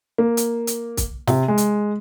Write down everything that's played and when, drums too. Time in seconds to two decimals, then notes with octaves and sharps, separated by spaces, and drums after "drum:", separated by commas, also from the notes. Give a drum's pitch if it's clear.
0.18 A#3
0.37 drum: hi-hat
0.67 drum: hi-hat
0.97 drum: kick, hi-hat
1.27 C3, drum: snare
1.48 G#3
1.58 drum: hi-hat